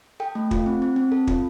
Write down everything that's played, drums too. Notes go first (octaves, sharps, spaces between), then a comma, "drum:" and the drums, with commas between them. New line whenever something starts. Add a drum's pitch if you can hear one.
A4 G5
A3
F4, drum: kick
C4
C4
C4
A4
F4, drum: kick